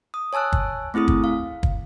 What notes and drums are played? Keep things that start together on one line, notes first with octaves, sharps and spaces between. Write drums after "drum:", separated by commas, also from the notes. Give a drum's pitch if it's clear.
D#6
C#5 G#5 A5 E6 F#6
drum: kick
A3 C4 E4 G#4 D#6
drum: kick
F5
drum: kick